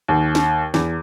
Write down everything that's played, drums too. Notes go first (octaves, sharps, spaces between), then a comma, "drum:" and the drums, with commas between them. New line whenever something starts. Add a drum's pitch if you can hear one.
D#2
drum: snare
E2, drum: snare